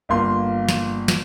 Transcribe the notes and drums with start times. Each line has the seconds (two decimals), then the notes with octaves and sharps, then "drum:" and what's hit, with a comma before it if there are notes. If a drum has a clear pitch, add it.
0.09 G1 A#3 F4 C6
0.69 drum: snare
1.08 drum: snare